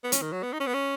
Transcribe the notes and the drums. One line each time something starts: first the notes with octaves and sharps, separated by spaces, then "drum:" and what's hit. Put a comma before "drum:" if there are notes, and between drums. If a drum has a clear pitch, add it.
B3
C#4, drum: hi-hat
D#3
F#3
B3
D#4
C#4
B3
C#4